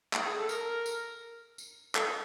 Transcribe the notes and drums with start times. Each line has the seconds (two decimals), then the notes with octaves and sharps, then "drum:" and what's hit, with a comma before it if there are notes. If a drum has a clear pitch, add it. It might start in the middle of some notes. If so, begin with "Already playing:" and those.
0.13 drum: clap
0.25 G#4
0.37 A4
0.49 A#4, drum: tambourine
0.86 drum: tambourine
1.58 drum: tambourine
1.95 A4, drum: clap